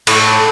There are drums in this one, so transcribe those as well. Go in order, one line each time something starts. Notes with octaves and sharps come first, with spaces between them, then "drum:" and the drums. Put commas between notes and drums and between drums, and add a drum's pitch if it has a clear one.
A2, drum: cymbal